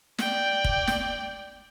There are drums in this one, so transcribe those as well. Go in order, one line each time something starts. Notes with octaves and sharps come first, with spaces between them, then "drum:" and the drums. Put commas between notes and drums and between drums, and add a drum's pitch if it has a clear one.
D5 G5, drum: snare
drum: kick
drum: snare